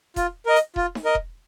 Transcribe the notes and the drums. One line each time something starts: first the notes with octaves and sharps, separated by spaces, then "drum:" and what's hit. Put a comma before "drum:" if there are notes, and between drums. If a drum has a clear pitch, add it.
F4, drum: kick E1, hi-hat
A#4 D#5
drum: hi-hat
F4, drum: kick E1
drum: snare D#4
A#4 D#5
drum: kick E1